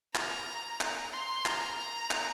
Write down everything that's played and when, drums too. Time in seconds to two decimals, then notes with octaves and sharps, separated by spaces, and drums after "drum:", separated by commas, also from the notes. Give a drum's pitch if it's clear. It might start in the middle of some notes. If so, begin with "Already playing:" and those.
0.15 A#5, drum: clap
0.81 drum: clap
1.13 C6
1.46 A#5, drum: clap
1.78 A#5
2.11 drum: clap